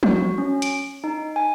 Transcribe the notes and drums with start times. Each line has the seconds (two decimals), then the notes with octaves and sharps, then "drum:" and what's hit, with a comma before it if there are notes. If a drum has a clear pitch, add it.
0.03 F#4, drum: tom F3
0.38 C#4
0.62 D7, drum: hi-hat
1.04 D#4
1.36 G#5